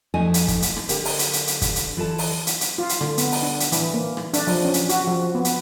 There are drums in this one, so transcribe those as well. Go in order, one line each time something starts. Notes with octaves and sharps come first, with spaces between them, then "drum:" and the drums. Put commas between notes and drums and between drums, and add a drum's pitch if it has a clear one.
F2 F3 A3 D#4 D#5 G#5
drum: hi-hat
drum: kick, hi-hat
drum: hi-hat
drum: rim click
D3 G4 A#4, drum: hi-hat
drum: open hi-hat
drum: hi-hat
drum: hi-hat
drum: hi-hat
drum: kick, hi-hat
drum: hi-hat
E3 F4 A4 A5
drum: open hi-hat
drum: hi-hat
drum: hi-hat
F4
drum: hi-hat
D3, drum: rim click
B3, drum: hi-hat
drum: open hi-hat
D4
drum: hi-hat
E3, drum: hi-hat
A#3
drum: rim click
D4, drum: hi-hat
F3, drum: open hi-hat
C#4
drum: hi-hat
F#4, drum: hi-hat
F3
B3
drum: hi-hat